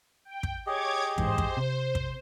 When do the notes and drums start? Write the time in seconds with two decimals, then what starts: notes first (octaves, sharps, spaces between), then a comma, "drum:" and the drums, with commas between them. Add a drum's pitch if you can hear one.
0.25 G5
0.43 drum: kick
0.67 G4 G#4 C#5 D#5 D6 G#6
1.18 A1 G#2 E3 C5, drum: kick
1.38 drum: kick
1.57 C3
1.95 drum: kick